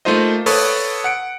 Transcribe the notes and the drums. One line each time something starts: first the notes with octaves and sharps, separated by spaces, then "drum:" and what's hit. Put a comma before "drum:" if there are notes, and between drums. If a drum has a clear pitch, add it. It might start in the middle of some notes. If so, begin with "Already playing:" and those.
A3 A#3 D#4 F4 C5 D#5
A4 B4 C#5 B5 C#6 D#6, drum: open hi-hat
F#5 C#7 D7